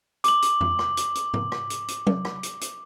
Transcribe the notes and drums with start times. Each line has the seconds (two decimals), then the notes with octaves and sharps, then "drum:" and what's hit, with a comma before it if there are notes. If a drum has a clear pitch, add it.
0.24 D6 F#7, drum: hi-hat
0.42 drum: hi-hat
0.61 drum: tom F2
0.79 drum: rim click
0.97 drum: hi-hat
1.15 drum: hi-hat
1.34 drum: tom G#2
1.52 drum: rim click
1.70 drum: hi-hat
1.88 drum: hi-hat
2.07 drum: tom F#3
2.25 drum: rim click
2.43 drum: hi-hat
2.61 drum: hi-hat